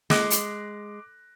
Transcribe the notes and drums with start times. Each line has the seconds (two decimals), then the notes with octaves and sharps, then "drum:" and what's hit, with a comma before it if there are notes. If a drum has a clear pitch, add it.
0.10 G#3 D6 F#6 A#6, drum: snare
0.30 drum: hi-hat